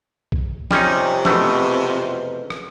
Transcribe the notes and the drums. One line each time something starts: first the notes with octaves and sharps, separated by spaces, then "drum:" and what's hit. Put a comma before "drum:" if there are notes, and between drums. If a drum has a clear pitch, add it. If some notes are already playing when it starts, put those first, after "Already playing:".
drum: kick
F2 C3 G3 C#4 D#4, drum: snare
E2 B2 A3, drum: snare
drum: rim click